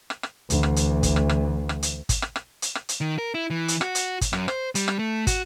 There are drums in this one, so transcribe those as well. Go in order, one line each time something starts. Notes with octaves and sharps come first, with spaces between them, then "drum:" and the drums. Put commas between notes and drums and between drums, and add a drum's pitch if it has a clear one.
drum: rim click
drum: rim click
D2 E3, drum: hi-hat
drum: rim click
drum: hi-hat
drum: kick, hi-hat
drum: rim click
drum: rim click
drum: rim click
drum: hi-hat
drum: kick, hi-hat
drum: rim click
drum: rim click
drum: hi-hat
drum: rim click
drum: hi-hat
D#3
A#4
E4
E3
drum: hi-hat
F#4, drum: rim click
drum: hi-hat
drum: kick, hi-hat
F#2, drum: rim click
C5, drum: rim click
G3, drum: hi-hat
drum: rim click
A3
F#4, drum: kick, hi-hat